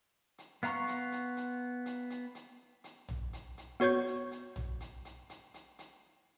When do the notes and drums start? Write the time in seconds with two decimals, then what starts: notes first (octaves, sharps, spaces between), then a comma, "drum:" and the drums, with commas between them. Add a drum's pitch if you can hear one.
0.38 drum: hi-hat
0.63 B3 F5 A#5 C6 C#6, drum: hi-hat
0.87 drum: hi-hat
1.12 drum: hi-hat
1.37 drum: hi-hat
1.86 drum: hi-hat
2.10 drum: hi-hat
2.35 drum: hi-hat
2.84 drum: hi-hat
3.08 drum: tom A#1
3.33 drum: hi-hat
3.58 drum: hi-hat
3.80 B3 F#4 C#5 C#6 G6, drum: hi-hat
4.07 drum: hi-hat
4.31 drum: hi-hat
4.56 drum: tom A#1
4.80 drum: hi-hat
5.05 drum: hi-hat
5.30 drum: hi-hat
5.54 drum: hi-hat
5.79 drum: hi-hat